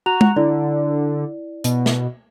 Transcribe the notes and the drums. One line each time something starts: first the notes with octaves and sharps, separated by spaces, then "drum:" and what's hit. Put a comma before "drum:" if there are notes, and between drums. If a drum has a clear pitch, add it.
F#4 A#5 F#6 F7
drum: tom G#3
D3 E4 D5
B2, drum: hi-hat
drum: snare